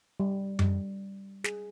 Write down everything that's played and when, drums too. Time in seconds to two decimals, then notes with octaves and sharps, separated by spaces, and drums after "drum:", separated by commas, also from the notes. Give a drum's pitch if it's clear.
0.20 G3
0.59 G3, drum: tom F#2
1.44 G#4, drum: snare